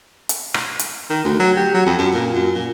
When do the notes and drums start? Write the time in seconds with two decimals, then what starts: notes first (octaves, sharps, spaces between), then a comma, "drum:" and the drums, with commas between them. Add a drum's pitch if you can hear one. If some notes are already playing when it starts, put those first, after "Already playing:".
0.29 drum: hi-hat
0.54 drum: rim click
0.79 drum: hi-hat
1.10 D#3
1.25 D2
1.39 F#3
1.57 G4
1.74 F#3
1.86 F2
1.99 F#2
2.14 A#2
2.34 F#2
2.55 A#2